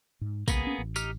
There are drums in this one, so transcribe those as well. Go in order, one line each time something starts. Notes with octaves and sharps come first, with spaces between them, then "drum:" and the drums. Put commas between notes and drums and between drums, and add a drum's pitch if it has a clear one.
G#2
C#2 A#3 B3 G#4, drum: kick A#1, tambourine
C#4
A1
D#4 G4 F6, drum: tambourine